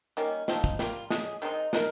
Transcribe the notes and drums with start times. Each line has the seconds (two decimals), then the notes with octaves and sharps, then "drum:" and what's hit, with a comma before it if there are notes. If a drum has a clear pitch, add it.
0.17 D#3 G3 A#3 C#4
0.48 F3 C4 D#4, drum: snare
0.64 drum: kick
0.79 G3 A#3 F4, drum: snare
1.10 G#3 C#4 G#4, drum: snare
1.42 D#3 G#3 C4 D#4
1.73 G#3 D#4 A#4, drum: snare